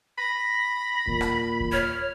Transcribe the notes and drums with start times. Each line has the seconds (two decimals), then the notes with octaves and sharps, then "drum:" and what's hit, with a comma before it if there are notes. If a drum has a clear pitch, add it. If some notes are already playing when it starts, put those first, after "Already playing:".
0.18 B5 A#6
1.07 A#2, drum: kick D#2
1.21 drum: rim click
1.60 drum: kick D#2
1.72 C#5 F6